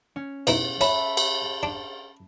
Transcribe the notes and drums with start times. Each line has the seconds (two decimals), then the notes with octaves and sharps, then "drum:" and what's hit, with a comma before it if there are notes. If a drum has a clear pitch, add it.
0.16 C#4
0.47 B2 D#4 E4, drum: cymbal
0.81 C#4 E5 A5 B5, drum: cymbal
1.17 drum: cymbal
1.63 D4